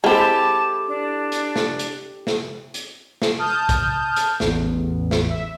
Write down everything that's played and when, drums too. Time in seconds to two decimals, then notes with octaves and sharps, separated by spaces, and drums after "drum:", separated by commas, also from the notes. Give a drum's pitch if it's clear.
0.04 G#3 C4 E4 G4 A4 A5
0.88 D4
1.32 drum: hi-hat
1.56 drum: snare
1.79 drum: hi-hat
2.27 drum: snare
2.74 drum: hi-hat
3.22 drum: snare
3.38 A5 D#6 F6 G6
3.69 drum: kick, hi-hat
4.16 drum: hi-hat
4.40 A1 E2, drum: snare
5.11 drum: snare
5.29 E5